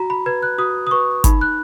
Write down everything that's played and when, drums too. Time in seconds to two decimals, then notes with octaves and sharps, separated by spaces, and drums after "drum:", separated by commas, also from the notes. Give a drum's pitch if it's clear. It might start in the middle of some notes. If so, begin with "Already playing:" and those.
Already playing: F#4 A#5
0.10 B5
0.26 B4 G#6
0.43 F#6
0.58 F#4 D#6
0.87 D#6
0.91 B4 C#6
1.24 D#4 B5, drum: kick G1, hi-hat
1.41 F#6